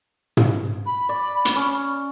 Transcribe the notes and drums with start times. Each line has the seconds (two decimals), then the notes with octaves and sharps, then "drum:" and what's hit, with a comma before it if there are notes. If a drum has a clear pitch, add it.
0.37 drum: tom
0.86 B5
1.09 D5
1.45 drum: hi-hat
1.56 C#4